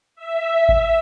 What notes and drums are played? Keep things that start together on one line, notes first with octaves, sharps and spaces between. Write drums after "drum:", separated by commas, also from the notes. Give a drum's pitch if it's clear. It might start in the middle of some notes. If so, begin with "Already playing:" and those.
E5
drum: kick G#1